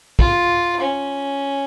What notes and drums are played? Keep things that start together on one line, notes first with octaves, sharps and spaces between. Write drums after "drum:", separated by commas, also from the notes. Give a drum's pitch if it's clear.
F4, drum: kick
C#4